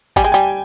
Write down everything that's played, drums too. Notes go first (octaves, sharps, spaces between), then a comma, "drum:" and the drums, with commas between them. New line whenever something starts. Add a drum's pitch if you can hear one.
G3 G#5, drum: kick
G#3 G5
G3 G#5